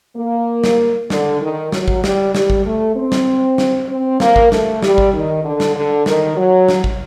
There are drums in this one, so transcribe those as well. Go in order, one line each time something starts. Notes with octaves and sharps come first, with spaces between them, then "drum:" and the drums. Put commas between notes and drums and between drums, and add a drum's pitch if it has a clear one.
A#3
drum: snare
D3, drum: snare
D#3
F#3, drum: snare
drum: kick
G3, drum: snare
G3, drum: snare
drum: kick
A3
C4
drum: snare
drum: snare
C4
A#3, drum: snare
drum: kick
A3, drum: snare
G3, drum: snare
drum: kick
D#3
D3
drum: snare
D3
D#3, drum: snare
F#3
drum: snare
drum: kick